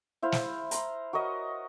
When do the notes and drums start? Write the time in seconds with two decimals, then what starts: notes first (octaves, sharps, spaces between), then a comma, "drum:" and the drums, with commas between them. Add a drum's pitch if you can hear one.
0.22 E4 C5 F5
0.32 drum: snare
0.71 A#5 C6, drum: hi-hat
1.13 F#4 A#4 C#5 D#5